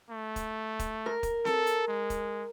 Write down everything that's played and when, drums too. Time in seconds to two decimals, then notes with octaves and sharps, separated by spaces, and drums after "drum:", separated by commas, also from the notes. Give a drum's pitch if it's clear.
0.10 A3
0.36 drum: kick, hi-hat
0.79 drum: kick, hi-hat
1.06 A#4
1.23 drum: kick, hi-hat
1.45 A4, drum: snare C4
1.66 drum: hi-hat
1.88 G#3
2.10 drum: kick, hi-hat